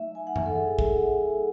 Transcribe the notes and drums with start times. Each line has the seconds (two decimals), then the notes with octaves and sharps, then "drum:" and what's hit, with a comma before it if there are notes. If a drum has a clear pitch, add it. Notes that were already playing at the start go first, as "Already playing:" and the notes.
Already playing: F#3 A3 D#4 E5
0.15 G#5
0.27 F#5
0.36 E5, drum: tom F#2
0.46 A4
0.56 G#4
0.79 drum: kick